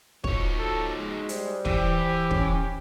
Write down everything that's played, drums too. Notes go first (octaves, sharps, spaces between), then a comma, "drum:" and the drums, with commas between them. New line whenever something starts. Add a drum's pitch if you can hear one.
F3 D#4 F#4 C#5, drum: kick
A4
G#3
G3 C5, drum: hi-hat
E3 G4, drum: kick
C#4, drum: kick